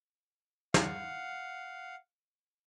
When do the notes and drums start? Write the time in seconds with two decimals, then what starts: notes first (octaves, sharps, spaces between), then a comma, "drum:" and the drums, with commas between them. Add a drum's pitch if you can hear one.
0.74 F5 F#5, drum: snare